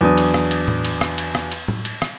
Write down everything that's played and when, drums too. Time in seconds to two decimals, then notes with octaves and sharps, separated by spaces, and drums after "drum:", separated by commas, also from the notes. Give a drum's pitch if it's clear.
0.01 E2 F#3 D4 D#6
0.18 drum: cymbal
0.34 drum: rim click
0.51 drum: cymbal
0.68 drum: tom A2
0.85 drum: cymbal
1.01 drum: rim click
1.18 drum: cymbal
1.35 drum: rim click
1.52 drum: cymbal
1.68 drum: tom A2
1.85 drum: cymbal
2.02 drum: rim click